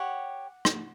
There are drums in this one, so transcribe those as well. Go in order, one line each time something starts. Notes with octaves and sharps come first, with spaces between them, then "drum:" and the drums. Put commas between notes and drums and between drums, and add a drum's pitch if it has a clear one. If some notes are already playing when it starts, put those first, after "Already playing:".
Already playing: G4 C#5 F#5
drum: rim click